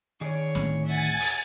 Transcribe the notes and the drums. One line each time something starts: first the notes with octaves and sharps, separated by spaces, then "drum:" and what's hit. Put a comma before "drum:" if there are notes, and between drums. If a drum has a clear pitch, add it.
D#3 G#4 C#5 D5
D1 A2 C4, drum: snare
E5 F#5 G#5 A6
drum: open hi-hat